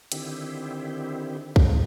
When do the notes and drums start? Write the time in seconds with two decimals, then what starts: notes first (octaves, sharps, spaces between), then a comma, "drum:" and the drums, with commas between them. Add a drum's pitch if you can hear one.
0.12 D3 D#3 C4 E4 G4, drum: hi-hat
1.56 drum: kick B1